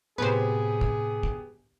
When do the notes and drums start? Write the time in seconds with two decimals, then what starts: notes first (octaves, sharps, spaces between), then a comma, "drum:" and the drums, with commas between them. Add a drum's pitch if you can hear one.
0.18 F#2 A2 C3 B3 G4 G#4 B4 C5
0.81 drum: kick
1.23 drum: kick